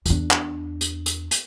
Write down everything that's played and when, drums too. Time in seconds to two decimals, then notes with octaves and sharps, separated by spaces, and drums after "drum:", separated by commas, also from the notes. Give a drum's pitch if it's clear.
0.06 E2 D4, drum: hi-hat
0.31 drum: clap
0.81 drum: hi-hat
1.06 drum: hi-hat
1.31 drum: hi-hat